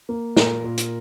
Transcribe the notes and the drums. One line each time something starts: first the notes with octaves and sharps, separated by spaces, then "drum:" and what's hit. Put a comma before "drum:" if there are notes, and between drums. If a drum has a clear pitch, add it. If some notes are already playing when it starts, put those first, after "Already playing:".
A#3
A#2 A#4, drum: snare
A#2
drum: hi-hat